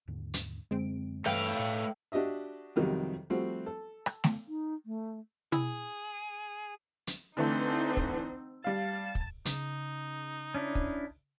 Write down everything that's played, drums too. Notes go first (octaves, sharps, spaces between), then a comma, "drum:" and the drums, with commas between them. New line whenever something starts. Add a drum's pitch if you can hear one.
D#2 G#2 D3
drum: hi-hat
F#2 D3 G#3 C4 D7
G2 E3 G3 A3 B4 F5 G5
A2 C#6
D4 F#4 G4 D#5 E5
F2 C3 D#3 F#3 G3
F3 G3 A3 C4 F#4
A4
drum: rim click
drum: snare A3
D#4
A3
E4 G#4, drum: tom B2
drum: hi-hat
D3 E3 A3 C4 D#4
drum: kick
G3 F5 A5
drum: kick
C#3 D#4, drum: hi-hat
C#4 D4 E4
drum: kick